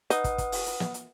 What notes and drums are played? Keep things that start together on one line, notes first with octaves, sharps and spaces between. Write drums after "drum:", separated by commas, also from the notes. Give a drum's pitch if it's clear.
D#4 B4 F#5 D#6, drum: hi-hat
drum: kick, hi-hat
drum: kick, hi-hat
drum: open hi-hat
drum: hi-hat
drum: snare
drum: hi-hat